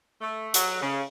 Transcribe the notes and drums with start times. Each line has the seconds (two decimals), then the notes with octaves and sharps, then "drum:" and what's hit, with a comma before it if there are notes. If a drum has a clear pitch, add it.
0.21 A3
0.54 F#3, drum: hi-hat
0.81 C#3